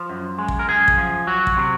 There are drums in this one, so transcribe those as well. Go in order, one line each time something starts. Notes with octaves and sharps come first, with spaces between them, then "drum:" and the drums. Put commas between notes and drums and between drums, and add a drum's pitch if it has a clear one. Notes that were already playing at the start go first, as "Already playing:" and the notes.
Already playing: F3
F#2
G#3
drum: kick
A#4
F#2 G#4
drum: kick
F3
F#3 F#4
drum: kick
C3